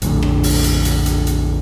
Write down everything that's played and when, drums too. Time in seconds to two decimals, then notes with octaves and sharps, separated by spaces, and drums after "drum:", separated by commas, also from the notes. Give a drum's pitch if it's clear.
0.02 A#1 F2 A2 D3, drum: hi-hat
0.23 drum: rim click
0.43 drum: open hi-hat
0.64 drum: hi-hat
0.85 drum: hi-hat
1.06 drum: hi-hat
1.27 drum: hi-hat